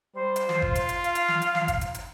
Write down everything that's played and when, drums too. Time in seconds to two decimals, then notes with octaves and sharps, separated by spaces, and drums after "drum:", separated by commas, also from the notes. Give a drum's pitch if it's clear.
0.15 G3 C5
0.36 drum: hi-hat
0.49 F4, drum: snare
0.62 drum: kick G1
0.75 drum: hi-hat
0.89 drum: hi-hat
1.04 F5, drum: hi-hat
1.15 drum: hi-hat
1.28 drum: snare
1.42 drum: hi-hat
1.55 drum: snare
1.68 drum: kick G1, hi-hat
1.81 drum: hi-hat
1.94 drum: hi-hat